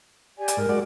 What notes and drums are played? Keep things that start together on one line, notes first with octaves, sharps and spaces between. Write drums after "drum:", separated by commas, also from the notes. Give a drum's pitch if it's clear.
G4 D5 G#5
drum: hi-hat
G#2 A#4
G#3 F#4 D5